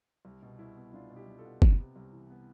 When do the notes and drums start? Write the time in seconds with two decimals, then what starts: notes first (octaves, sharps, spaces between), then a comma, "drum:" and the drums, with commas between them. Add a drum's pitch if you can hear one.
0.25 C2
0.42 B2
0.59 C2 E4
0.76 B3
0.93 C2 D4 F4
1.10 B2
1.16 E4 G4
1.27 C2
1.39 F4 A4
1.45 B3
1.62 B3, drum: kick
1.79 C3
1.96 C2
2.13 E3
2.30 B3